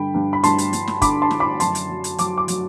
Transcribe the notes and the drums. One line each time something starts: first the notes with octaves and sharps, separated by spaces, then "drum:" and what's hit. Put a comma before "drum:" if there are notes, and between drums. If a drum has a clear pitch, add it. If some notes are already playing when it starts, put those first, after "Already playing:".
Already playing: G2 D3 G5 B5
G2
B5
G2 A5 C6, drum: hi-hat
drum: hi-hat
G2, drum: hi-hat
drum: snare
D3 B5 D6, drum: kick, hi-hat
A5 C6
D3, drum: snare
B5 D6
F#2 A5 C6, drum: hi-hat
drum: hi-hat
F#3
drum: hi-hat
F#3 D6, drum: hi-hat
D6
F#3, drum: hi-hat